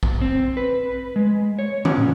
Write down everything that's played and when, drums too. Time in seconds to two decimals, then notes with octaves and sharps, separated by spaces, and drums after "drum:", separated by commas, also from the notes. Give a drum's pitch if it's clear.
0.03 drum: kick A#1
0.21 C4
0.57 B4
1.16 G#3
1.59 C#5
1.85 C#4, drum: tom D#3
1.98 A#2